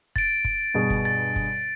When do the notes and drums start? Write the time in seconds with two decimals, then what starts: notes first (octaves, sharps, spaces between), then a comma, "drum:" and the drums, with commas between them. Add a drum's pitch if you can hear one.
0.16 A6 D7, drum: kick
0.45 drum: kick
0.74 G2 B2 G#4
0.90 drum: kick
1.05 A6
1.36 drum: kick